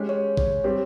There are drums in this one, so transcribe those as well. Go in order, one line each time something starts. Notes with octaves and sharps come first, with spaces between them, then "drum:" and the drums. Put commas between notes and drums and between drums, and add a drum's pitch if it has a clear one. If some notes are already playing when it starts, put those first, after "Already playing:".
Already playing: G#3 C#4 G4
C#5
drum: kick A#1
G3 C4 G4